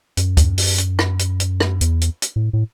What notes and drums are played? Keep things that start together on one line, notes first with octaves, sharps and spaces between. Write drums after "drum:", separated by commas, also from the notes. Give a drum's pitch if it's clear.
F#2, drum: hi-hat
drum: kick, hi-hat
drum: open hi-hat
drum: hi-hat
drum: rim click
drum: hi-hat
drum: hi-hat
drum: rim click
E2, drum: hi-hat
drum: hi-hat
drum: hi-hat
A2
A2